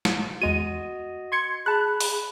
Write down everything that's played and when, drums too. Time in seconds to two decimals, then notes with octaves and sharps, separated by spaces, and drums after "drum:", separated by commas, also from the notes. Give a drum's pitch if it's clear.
0.05 drum: snare
0.42 E2 G#3 F#4 D#5 D#7
1.32 C6 G#6 C#7
1.66 G#4 A5 B5 F#6
2.00 drum: open hi-hat